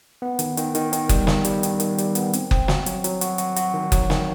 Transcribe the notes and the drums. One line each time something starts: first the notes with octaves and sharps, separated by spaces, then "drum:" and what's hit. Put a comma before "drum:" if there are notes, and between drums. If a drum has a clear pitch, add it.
B3
D#3, drum: hi-hat
D#3, drum: hi-hat
D#3, drum: hi-hat
D#3, drum: hi-hat
G3, drum: kick F#1, hi-hat
D#3, drum: snare
G3, drum: hi-hat
D#3, drum: hi-hat
D#3, drum: hi-hat
G3, drum: hi-hat
B3, drum: hi-hat
C4, drum: hi-hat
C4, drum: kick F#1
F#4, drum: snare
F#3, drum: hi-hat
F#3, drum: hi-hat
F#4, drum: hi-hat
F#4, drum: hi-hat
F#4, drum: hi-hat
D#3
F#3, drum: kick F#1, hi-hat
D#3, drum: snare